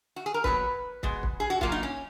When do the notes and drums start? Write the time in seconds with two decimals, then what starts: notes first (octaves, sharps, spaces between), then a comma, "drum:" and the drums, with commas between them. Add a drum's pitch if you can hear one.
0.16 F#4
0.26 G#4
0.34 A#4
0.44 A#2 F#3 B3 B4, drum: kick
1.03 B2 G#3 B3, drum: kick
1.23 drum: kick
1.40 G#4
1.50 F#4
1.61 B2 F#3 A#3 F4, drum: kick
1.72 D#4
1.83 C#4